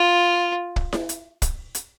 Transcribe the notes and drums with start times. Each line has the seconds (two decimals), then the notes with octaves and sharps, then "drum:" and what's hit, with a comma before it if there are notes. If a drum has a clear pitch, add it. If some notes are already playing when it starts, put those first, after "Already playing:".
Already playing: F4
0.76 drum: kick
0.93 drum: snare E4
1.09 drum: hi-hat
1.42 drum: kick, hi-hat
1.75 drum: hi-hat